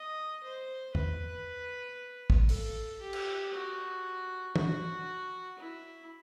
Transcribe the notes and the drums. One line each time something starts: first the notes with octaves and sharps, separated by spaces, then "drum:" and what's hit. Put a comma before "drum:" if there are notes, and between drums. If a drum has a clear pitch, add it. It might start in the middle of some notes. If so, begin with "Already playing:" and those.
Already playing: D#5
C5
B4, drum: tom E2
drum: kick
A4, drum: open hi-hat
G4
drum: cymbal
F#4
F#4, drum: tom
E4